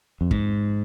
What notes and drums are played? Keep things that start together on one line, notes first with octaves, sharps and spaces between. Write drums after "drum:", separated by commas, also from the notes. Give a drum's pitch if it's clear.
F2
G#2, drum: kick